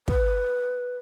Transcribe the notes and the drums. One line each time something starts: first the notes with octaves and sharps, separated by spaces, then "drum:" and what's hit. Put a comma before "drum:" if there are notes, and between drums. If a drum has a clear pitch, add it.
B4, drum: kick